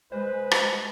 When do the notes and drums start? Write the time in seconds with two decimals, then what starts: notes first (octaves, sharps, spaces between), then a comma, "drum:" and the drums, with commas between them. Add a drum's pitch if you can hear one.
0.12 G#3 B4 C5
0.51 drum: rim click